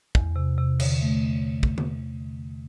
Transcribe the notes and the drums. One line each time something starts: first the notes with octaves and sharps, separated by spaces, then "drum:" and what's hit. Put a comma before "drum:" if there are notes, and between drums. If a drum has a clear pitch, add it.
E2, drum: kick
C3
C3
D3, drum: cymbal
A3
drum: kick
drum: tom D3